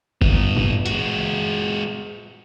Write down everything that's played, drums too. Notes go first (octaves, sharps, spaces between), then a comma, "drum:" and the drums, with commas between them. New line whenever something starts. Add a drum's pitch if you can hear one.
G2 B3, drum: kick
drum: tom A2
G#3 F#4, drum: hi-hat